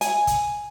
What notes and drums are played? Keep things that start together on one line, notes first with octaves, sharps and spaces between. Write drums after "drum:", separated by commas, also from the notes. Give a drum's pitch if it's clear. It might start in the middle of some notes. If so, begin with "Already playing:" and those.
G#5, drum: hi-hat
drum: kick, hi-hat